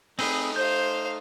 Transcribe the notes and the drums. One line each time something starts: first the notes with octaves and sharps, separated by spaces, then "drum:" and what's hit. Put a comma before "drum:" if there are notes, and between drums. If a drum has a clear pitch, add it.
A3 C4 D#4 G#4 B4 F6, drum: open hi-hat
C5 F5 G6